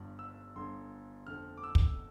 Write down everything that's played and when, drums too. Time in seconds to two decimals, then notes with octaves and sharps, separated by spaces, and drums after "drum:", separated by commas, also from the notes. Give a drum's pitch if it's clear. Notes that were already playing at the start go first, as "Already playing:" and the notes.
Already playing: G1 G2 D3 G3
0.19 E6
0.56 G1 G2 D3 G3 C6
1.27 F2 D3 A3 F6
1.58 D6
1.63 E6
1.75 drum: kick